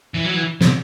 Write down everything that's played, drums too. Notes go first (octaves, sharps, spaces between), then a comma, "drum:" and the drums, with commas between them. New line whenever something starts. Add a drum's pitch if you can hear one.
E3
F#3
E3
C3, drum: snare